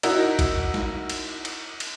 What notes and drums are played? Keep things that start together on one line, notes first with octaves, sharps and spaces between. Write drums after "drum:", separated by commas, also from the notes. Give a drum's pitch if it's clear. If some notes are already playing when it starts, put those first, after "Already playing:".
D#4 E4 F#4 A#4, drum: cymbal
drum: kick, cymbal
drum: snare
drum: cymbal
drum: cymbal
drum: cymbal